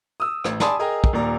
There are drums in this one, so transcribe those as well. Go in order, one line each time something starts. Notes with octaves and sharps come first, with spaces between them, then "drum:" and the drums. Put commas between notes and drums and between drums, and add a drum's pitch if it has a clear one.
D#6 E6
A1, drum: rim click
D5 G#5 A5 B5 C6 D#6, drum: snare
G#4 A#4 D#5 G5 G#5 A#5
drum: kick
D#1 A#2 D5 A#5